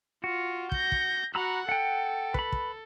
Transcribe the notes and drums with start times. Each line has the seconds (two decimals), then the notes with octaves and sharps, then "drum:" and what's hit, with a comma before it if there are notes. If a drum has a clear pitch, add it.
0.24 F4 F#4
0.72 G6 A#6, drum: kick
0.92 drum: kick
1.35 F#4 F#5 A#5 B5 E6
1.69 A4 F#5 G5
2.34 B4 B5, drum: kick
2.52 drum: kick